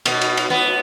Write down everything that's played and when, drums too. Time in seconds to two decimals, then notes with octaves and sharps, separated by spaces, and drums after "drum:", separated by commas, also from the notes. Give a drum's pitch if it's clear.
0.05 B2, drum: cymbal
0.21 drum: cymbal
0.37 drum: cymbal
0.50 B3